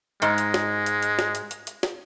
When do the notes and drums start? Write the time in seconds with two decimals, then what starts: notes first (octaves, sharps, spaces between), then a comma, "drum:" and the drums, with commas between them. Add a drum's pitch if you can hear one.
0.22 G#2 G#3, drum: hi-hat
0.38 drum: hi-hat
0.54 drum: snare
0.86 drum: hi-hat
1.03 drum: hi-hat
1.19 drum: snare
1.35 drum: hi-hat
1.51 drum: hi-hat
1.67 drum: hi-hat
1.83 drum: snare